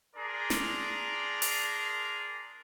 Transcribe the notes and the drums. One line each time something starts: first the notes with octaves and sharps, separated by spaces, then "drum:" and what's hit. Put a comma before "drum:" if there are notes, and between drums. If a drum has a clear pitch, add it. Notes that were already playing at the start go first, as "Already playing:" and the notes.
D4 G#4 A#4 D5 A#5 C6
drum: snare
drum: open hi-hat